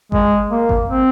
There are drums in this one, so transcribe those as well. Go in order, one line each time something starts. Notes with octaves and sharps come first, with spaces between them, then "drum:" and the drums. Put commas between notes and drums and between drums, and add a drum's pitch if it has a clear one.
G#3, drum: kick G#1
A#3
drum: kick G#1
C4